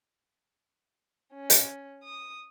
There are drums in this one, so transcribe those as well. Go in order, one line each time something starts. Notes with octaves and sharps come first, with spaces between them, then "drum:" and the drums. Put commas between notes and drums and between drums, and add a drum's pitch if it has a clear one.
C#4
drum: hi-hat
D#6